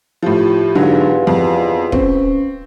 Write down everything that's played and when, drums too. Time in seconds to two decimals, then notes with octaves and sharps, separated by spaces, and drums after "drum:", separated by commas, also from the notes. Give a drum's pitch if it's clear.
0.23 A2 F3 G4
0.75 E2 G#2 D3 F#3 F4
1.27 F2
1.92 C4 C#4 B4, drum: kick